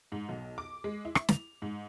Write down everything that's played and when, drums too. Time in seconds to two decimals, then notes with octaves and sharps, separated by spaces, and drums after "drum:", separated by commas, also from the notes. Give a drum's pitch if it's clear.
0.12 G#2
0.29 B1
0.58 D6
0.84 G#3
1.05 E4
1.15 drum: rim click
1.29 F7, drum: snare
1.62 G#2